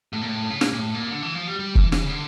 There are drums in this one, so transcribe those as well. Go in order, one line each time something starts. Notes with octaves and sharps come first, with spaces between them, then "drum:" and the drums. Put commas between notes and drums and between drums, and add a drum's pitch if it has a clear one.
A2
A#2
A2
C#3
A#2, drum: snare
A#2
A2
A#2
D3
E3
F3
G3
G3
E3, drum: kick
E3, drum: snare
C#3
D3